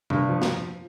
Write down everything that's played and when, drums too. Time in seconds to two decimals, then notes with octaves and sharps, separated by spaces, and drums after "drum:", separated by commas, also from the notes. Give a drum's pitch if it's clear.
0.10 G2, drum: tom C3
0.29 F3
0.42 drum: snare